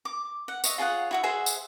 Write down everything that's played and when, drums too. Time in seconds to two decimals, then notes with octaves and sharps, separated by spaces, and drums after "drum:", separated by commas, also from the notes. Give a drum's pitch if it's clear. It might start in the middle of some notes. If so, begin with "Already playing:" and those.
0.05 D6
0.48 F#5
0.64 C#5 D#5 E5, drum: tambourine
0.78 F4 G#4 C#5 F#5
1.11 E4 F#4 E5
1.23 G#4 C5 E5 F#5
1.46 drum: tambourine